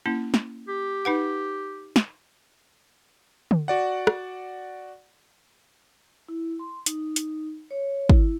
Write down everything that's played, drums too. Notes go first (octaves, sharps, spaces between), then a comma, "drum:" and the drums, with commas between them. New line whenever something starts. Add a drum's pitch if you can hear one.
A#3 C#4 E4
drum: snare
G4
D#4 B4 F#5
drum: snare
drum: tom D3
F#4 D5 F#5
drum: rim click
E4
C6
D#4, drum: hi-hat
drum: hi-hat
C#5
E4, drum: kick